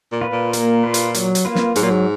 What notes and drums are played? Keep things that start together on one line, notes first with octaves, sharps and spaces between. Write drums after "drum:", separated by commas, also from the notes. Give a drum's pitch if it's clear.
A#2
F4 B4
A#2
A#3, drum: hi-hat
F4 B4
drum: hi-hat
F#3, drum: hi-hat
drum: hi-hat
A#3 F4 B4
drum: snare
G#2 F#3, drum: hi-hat
A#2
G#2